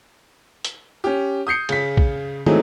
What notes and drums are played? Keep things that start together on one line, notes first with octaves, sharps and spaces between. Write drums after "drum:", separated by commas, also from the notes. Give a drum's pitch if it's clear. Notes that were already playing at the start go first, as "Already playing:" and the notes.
drum: hi-hat
C#4 G4
D#6 G6 C7 C#7
C#3 B6, drum: cymbal
drum: kick A#1
E3 F#3 G#3 A3 C4 D#4, drum: tom